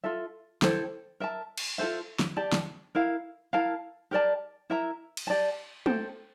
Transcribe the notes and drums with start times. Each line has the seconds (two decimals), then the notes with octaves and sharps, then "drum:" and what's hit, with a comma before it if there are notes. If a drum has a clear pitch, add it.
0.04 F4 A4 E5
0.62 E4 A4 C5 G5, drum: snare
1.20 A#4 E5 A5
1.58 drum: cymbal
1.78 F4 A4 C5 E5
2.19 drum: snare
2.36 G4 D5 A5
2.52 drum: snare
2.95 E4 A#4 F5
3.53 E4 A#4 F5 A5
4.11 G4 A#4 D5 A5
4.70 E4 A#4 E5 A#5
5.17 drum: cymbal
5.27 G4 D5 A5
5.86 A4 C5 G5, drum: tom